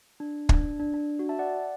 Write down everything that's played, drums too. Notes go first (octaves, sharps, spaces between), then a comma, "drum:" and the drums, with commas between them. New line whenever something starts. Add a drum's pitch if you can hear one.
D4
D4, drum: kick
D4
D4
F#4
E5 A5
D5 F#5